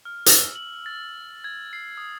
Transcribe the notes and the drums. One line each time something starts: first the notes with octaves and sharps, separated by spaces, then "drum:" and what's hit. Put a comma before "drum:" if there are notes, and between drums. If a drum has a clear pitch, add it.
F6
E6, drum: hi-hat
F#7
A6
G#6
C7
D#6